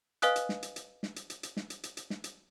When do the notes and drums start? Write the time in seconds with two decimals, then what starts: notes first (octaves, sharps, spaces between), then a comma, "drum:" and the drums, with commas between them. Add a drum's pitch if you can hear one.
0.22 B4 D#5 F5 G#5 D#6 F#6, drum: hi-hat
0.36 drum: hi-hat
0.49 drum: snare
0.63 drum: hi-hat
0.76 drum: hi-hat
1.03 drum: snare
1.16 drum: hi-hat
1.30 drum: hi-hat
1.43 drum: hi-hat
1.57 drum: snare
1.70 drum: hi-hat
1.83 drum: hi-hat
1.97 drum: hi-hat
2.10 drum: snare
2.24 drum: hi-hat